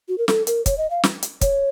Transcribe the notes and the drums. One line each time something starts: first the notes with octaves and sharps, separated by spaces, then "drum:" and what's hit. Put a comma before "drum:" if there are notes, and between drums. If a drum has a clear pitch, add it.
F#4
A#4
A4, drum: snare
A#4, drum: hi-hat
C#5, drum: kick, hi-hat
D#5
F5
drum: snare
drum: hi-hat
C#5, drum: kick, hi-hat